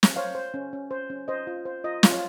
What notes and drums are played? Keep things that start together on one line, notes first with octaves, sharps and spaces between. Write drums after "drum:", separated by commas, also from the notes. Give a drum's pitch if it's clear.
drum: snare
C5 C#5 F5
C5
C#4
C#4
C5
C#4
C5 D#5
F4
C5
F4 D#5
F4, drum: snare
C#5 F5